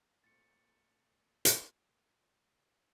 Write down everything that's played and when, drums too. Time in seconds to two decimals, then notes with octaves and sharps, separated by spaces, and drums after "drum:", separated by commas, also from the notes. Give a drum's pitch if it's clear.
0.24 A#2 A3 C4 A6 C#7
1.45 drum: hi-hat